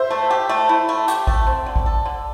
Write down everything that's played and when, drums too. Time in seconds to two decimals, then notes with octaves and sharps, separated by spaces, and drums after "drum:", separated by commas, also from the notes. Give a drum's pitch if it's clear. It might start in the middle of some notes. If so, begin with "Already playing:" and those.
Already playing: C5 E5
0.11 A3
0.30 G4
0.49 A3
0.69 E4
0.89 A3
1.08 G4, drum: hi-hat
1.27 A3, drum: kick
1.47 C4
1.66 D3
1.76 drum: kick
1.86 A4
2.06 D3